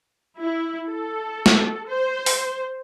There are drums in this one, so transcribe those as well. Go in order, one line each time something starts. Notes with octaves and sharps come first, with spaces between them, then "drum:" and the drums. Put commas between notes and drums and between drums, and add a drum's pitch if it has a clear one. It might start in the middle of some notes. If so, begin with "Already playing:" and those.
E4
A4
drum: snare
C5
drum: open hi-hat